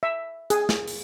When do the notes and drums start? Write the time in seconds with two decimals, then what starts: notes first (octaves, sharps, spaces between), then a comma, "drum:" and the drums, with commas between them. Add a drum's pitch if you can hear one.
0.03 E5
0.50 G#4, drum: hi-hat
0.69 drum: snare
0.88 drum: open hi-hat